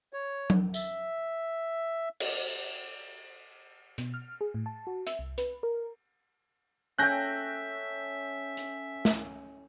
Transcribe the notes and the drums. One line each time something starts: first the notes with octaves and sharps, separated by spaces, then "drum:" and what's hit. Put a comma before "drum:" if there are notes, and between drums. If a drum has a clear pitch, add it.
C#5
drum: tom F#3
E5, drum: tambourine
drum: cymbal
B2, drum: hi-hat
F6
G#4
A2
A5
F#4
E5, drum: hi-hat
C2
B4, drum: hi-hat
A#4
C#4 A4 E5 G5 F#6 G6 A#6
drum: hi-hat
drum: snare